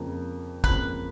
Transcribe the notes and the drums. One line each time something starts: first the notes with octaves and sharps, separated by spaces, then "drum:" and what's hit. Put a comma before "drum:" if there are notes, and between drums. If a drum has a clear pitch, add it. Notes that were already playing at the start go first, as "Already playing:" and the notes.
Already playing: F2 C#3 F3 A#3
F2 C#3 F3 A#3 B4, drum: kick, tambourine